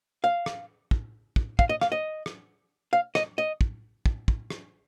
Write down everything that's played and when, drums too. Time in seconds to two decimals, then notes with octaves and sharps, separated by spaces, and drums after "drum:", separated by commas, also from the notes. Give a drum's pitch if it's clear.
0.24 F5
0.46 drum: rim click
0.91 drum: kick
1.36 drum: kick
1.59 F5, drum: kick
1.69 D#5
1.81 F5, drum: rim click
1.92 D#5
2.26 drum: rim click
2.93 F5
3.15 D#5, drum: rim click
3.38 D#5
3.61 drum: kick
4.06 drum: kick
4.28 drum: kick
4.50 drum: rim click